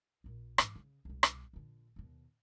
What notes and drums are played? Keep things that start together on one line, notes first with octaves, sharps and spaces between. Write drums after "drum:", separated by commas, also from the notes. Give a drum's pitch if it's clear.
A#1 A#2
G#2 E3, drum: rim click
C#3
C2 B2
drum: rim click
A#1 D3
D#2 B2